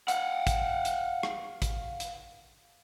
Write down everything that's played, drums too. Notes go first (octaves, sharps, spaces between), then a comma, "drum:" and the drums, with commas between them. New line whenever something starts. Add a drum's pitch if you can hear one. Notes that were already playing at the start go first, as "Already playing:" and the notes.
F5 F#5, drum: hi-hat
drum: kick, hi-hat
drum: hi-hat
drum: rim click
drum: kick, hi-hat
drum: hi-hat